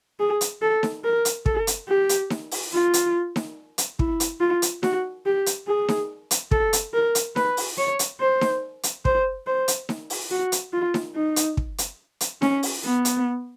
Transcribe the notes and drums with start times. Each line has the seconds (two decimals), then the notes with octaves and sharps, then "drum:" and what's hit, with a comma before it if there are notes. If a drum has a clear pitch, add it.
0.20 G#4
0.41 drum: hi-hat
0.62 A4
0.83 drum: snare D#4
1.04 A#4
1.25 drum: hi-hat
1.46 A4, drum: kick
1.67 drum: hi-hat
1.88 G4
2.09 drum: hi-hat
2.30 drum: snare D#4
2.51 drum: open hi-hat
2.73 F4
2.94 drum: hi-hat
3.36 drum: snare D#4
3.78 drum: hi-hat
3.99 E4, drum: kick
4.20 drum: hi-hat
4.40 F4
4.62 drum: hi-hat
4.83 F#4, drum: snare D#4
5.26 G4
5.46 drum: hi-hat
5.67 G#4
5.88 drum: snare D#4
6.31 drum: hi-hat
6.51 A4, drum: kick
6.73 drum: hi-hat
6.94 A#4
7.15 drum: hi-hat
7.36 B4, drum: snare D#4
7.57 drum: open hi-hat
7.78 C#5
7.99 drum: hi-hat
8.21 C5
8.41 drum: snare D#4
8.83 drum: hi-hat
9.05 C5, drum: kick
9.47 C5
9.68 drum: hi-hat
9.89 drum: snare D#4
10.10 drum: open hi-hat
10.31 F#4
10.52 drum: hi-hat
10.73 F4
10.94 drum: snare D#4
11.15 D#4
11.36 drum: hi-hat
11.57 drum: kick
11.78 drum: hi-hat
12.21 drum: hi-hat
12.42 C#4, drum: snare D#4
12.63 drum: open hi-hat
12.84 B3
13.05 drum: hi-hat